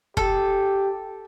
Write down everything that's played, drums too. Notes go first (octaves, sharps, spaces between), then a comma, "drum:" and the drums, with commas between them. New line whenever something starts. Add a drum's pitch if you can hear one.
G4 A4, drum: kick